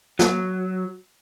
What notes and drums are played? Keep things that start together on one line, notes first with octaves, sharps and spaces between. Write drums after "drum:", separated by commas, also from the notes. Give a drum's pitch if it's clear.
F#3, drum: snare